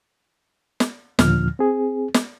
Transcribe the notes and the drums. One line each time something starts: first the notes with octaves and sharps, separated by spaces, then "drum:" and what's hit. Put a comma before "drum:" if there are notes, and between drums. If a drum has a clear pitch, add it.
drum: snare
D#2 A#2 D3 F3 F6, drum: snare
C4 G#4
drum: snare